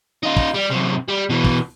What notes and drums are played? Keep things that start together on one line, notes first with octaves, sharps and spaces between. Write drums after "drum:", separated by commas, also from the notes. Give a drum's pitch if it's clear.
D#4 F4
drum: kick
G3
F#2 C3
G3
B2 E3
drum: kick